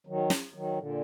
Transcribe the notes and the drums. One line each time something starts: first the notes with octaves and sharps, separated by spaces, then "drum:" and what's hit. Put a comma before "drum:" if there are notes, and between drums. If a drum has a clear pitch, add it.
D#3 F#3
drum: snare
D#3 F#3
A#2 D3